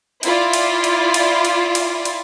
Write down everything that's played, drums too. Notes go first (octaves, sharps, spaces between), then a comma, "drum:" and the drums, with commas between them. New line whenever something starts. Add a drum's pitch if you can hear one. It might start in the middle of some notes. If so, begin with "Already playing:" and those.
E4 F4 D5, drum: cymbal
drum: cymbal
drum: cymbal
drum: cymbal
drum: cymbal
drum: cymbal
drum: cymbal